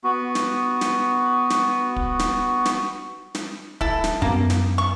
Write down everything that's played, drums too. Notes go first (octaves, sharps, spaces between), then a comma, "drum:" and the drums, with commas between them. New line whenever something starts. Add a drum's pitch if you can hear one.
B3 F#4
drum: snare
drum: snare
drum: snare
drum: kick
drum: snare
drum: snare
drum: snare
E4 A4, drum: kick
drum: snare
F#2 A#3 B3
drum: snare
C#6